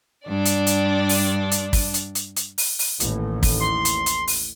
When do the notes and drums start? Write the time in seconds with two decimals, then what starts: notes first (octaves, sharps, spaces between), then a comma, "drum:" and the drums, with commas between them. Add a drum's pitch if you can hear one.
0.27 G2 D4 D5
0.46 drum: hi-hat
0.67 drum: hi-hat
1.09 drum: open hi-hat
1.52 drum: hi-hat
1.73 drum: kick, open hi-hat
1.94 drum: hi-hat
2.15 drum: hi-hat
2.36 drum: hi-hat
2.58 drum: open hi-hat
2.79 drum: open hi-hat
3.00 A1 D#2 A2, drum: hi-hat
3.43 drum: kick, open hi-hat
3.60 C6
3.85 drum: hi-hat
4.06 drum: hi-hat
4.27 drum: open hi-hat